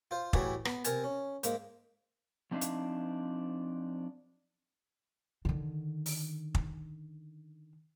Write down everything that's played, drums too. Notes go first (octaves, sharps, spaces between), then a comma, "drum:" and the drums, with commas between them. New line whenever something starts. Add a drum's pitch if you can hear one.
F4 C5
A2 E3 G3 F#4 G#4 D5, drum: kick
B3, drum: rim click
C3 A#4 G#5 A5, drum: hi-hat
C#4
G#2 A#3, drum: hi-hat
F3 C4 D4 D#4 E5 F5
drum: hi-hat
D3 D#3
drum: open hi-hat
drum: kick